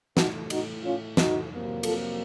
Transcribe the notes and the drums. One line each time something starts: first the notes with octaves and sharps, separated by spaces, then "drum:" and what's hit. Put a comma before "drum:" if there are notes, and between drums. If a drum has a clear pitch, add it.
A2 A3 D#4 F#4, drum: snare
D#4 F#4, drum: cymbal
C#4 F4
D#4 F#4, drum: snare
F2 C3 F#3 A#3
F4 A4, drum: cymbal